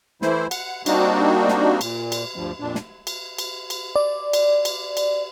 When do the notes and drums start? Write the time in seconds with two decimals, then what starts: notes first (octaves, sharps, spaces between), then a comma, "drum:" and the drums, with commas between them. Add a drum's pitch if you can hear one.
0.22 E3 A3 E4 C5, drum: snare
0.51 F#5, drum: cymbal
0.86 G3 A#3 C4 D4 D#4 F#4, drum: cymbal
1.49 drum: snare
1.81 A#2, drum: cymbal
2.12 drum: cymbal
2.36 D2 G2 F3 G3
2.60 F2 A#2 D4
2.75 drum: snare
3.07 drum: cymbal
3.38 drum: cymbal
3.70 drum: cymbal
3.96 D5
4.33 drum: cymbal
4.65 drum: cymbal
4.97 drum: cymbal